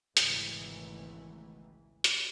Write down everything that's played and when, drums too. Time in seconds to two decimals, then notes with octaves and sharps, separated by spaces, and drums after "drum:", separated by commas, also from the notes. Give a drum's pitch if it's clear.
0.17 G#1 C#2 B2 D#3 E3 A3, drum: hi-hat
2.04 drum: hi-hat